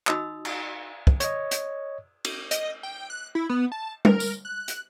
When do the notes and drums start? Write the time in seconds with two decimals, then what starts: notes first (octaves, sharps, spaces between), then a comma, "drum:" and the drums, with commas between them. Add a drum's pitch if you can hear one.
0.07 D#4 F#4 D#5 B5 D#6 E6, drum: clap
0.45 drum: cymbal
1.07 drum: kick
1.20 C#5 D#5, drum: hi-hat
1.51 drum: hi-hat
2.25 drum: cymbal
2.51 D#5, drum: hi-hat
2.83 G5
3.10 F#6
3.35 E4
3.49 B3
3.72 A5
4.05 A#4, drum: tom G3
4.20 drum: tambourine
4.45 F#6
4.68 drum: hi-hat